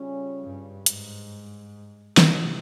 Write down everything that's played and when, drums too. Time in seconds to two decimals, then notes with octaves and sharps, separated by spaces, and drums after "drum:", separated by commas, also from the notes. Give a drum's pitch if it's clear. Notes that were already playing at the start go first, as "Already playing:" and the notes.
Already playing: C#3 G3 C#4 F4
0.42 G2
0.86 G#2, drum: hi-hat
2.17 C3, drum: snare